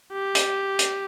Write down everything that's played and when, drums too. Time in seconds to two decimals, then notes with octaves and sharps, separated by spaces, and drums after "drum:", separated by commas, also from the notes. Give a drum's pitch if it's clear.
0.13 G4
0.35 drum: hi-hat
0.79 drum: hi-hat